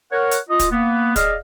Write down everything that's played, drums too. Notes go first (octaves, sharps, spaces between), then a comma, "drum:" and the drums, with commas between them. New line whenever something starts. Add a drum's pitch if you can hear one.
A#4 C#5 F#5
drum: hi-hat
F4 D#5
drum: kick, hi-hat
A#3 B3
G#4 D5 D#5 F5, drum: kick, hi-hat